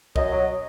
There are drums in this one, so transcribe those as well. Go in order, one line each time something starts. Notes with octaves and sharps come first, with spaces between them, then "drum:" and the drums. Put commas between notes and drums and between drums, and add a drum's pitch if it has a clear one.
F#2 D#5, drum: kick C2
F#3